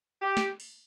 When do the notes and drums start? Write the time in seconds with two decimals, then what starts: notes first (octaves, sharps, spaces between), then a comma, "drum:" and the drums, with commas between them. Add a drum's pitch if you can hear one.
0.22 G4
0.37 drum: snare
0.60 drum: open hi-hat